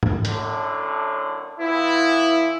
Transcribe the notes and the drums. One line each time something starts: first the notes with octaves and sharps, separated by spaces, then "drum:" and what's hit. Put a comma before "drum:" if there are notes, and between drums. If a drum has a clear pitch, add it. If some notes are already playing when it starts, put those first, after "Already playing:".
drum: tom G#2
F#2 A2 D3, drum: hi-hat
E3 B3 E4 F4